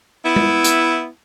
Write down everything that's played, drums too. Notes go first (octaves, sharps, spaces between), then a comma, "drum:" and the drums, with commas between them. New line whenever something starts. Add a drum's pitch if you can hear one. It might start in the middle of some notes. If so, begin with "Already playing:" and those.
B3 E4
drum: tom G#3
drum: hi-hat